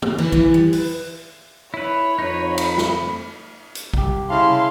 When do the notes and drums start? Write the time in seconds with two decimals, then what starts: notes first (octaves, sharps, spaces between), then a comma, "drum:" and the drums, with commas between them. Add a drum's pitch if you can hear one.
0.02 D#4, drum: tom
0.18 E3, drum: cymbal
0.32 E3, drum: kick A#1
0.54 G3
0.73 B4, drum: open hi-hat
1.74 E4 B4 C#5
2.19 F2 D#4 B4
2.58 B5, drum: cymbal
2.78 drum: snare
3.75 drum: hi-hat
3.94 C2 G4, drum: kick A#1
4.30 C#3 E4 F5 A5 C6